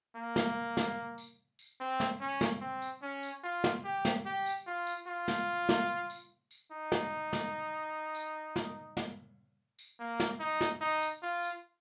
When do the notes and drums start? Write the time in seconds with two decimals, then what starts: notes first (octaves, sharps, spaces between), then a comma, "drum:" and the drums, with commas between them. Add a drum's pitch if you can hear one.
0.16 A#3
0.36 drum: snare
0.77 drum: snare
1.18 drum: tambourine
1.59 drum: tambourine
1.80 C4
2.00 drum: snare
2.20 C#4
2.41 drum: snare
2.61 C4
2.82 drum: tambourine
3.02 C#4
3.23 drum: tambourine
3.43 F4
3.64 drum: snare
3.84 G4
4.05 drum: snare
4.26 G4
4.46 drum: tambourine
4.67 F4
4.87 drum: tambourine
5.07 F4
5.28 drum: snare
5.69 drum: snare
6.10 drum: tambourine
6.51 drum: tambourine
6.71 D#4
6.92 drum: snare
7.33 drum: snare
8.15 drum: tambourine
8.56 drum: snare
8.97 drum: snare
9.79 drum: tambourine
10.00 A#3
10.20 drum: snare
10.40 D#4
10.61 drum: snare
10.81 D#4
11.02 drum: tambourine
11.23 F4
11.43 drum: tambourine